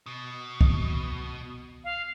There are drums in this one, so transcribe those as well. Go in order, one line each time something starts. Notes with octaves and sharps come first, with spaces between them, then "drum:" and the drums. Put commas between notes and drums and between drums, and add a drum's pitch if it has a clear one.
B2
drum: kick C2
F5